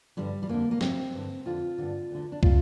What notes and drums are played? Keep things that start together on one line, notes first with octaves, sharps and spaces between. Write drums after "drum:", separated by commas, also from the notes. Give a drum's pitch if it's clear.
G2 D3 G3
G3
F2 D3 A#3
A#3
D2 C3 C4, drum: snare
G2 D3
F2 D3 F4
G2 D3
D2 D3
D4
C3 F4, drum: kick